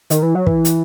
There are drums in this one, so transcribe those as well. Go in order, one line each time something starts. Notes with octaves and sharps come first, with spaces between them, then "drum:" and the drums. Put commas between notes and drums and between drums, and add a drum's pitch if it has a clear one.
D#3, drum: hi-hat
E3
F#3
E3, drum: kick
drum: hi-hat